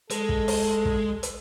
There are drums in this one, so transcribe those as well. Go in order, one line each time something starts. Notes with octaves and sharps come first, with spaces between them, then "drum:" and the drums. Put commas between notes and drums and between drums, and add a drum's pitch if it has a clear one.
G#3 A4, drum: hi-hat
drum: kick
drum: open hi-hat
drum: kick
drum: hi-hat